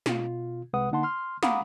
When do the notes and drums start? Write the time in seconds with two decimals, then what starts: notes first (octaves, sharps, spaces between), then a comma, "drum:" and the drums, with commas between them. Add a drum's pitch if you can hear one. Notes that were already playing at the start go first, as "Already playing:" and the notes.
0.06 B2 F4, drum: snare
0.73 C2 C3 G#3 B4 F#5 D#6
0.91 D3 A#3 D#4 F#5 A5 C6
1.03 C6 F6
1.43 F5 F#5 A#5 B5 D6 D#6, drum: snare